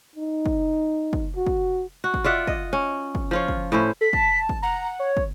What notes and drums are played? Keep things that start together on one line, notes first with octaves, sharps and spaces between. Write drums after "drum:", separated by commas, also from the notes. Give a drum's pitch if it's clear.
D#4
drum: kick
drum: kick
F#4
drum: kick
F#4
drum: kick
F4 D5 E5 F#5
D#5, drum: kick
C#4
drum: kick
F3 F4 C#5
drum: kick
A2 C#4 E4 C5
A4 B6
A5, drum: kick
drum: kick
F#5 A#5
C#5
drum: kick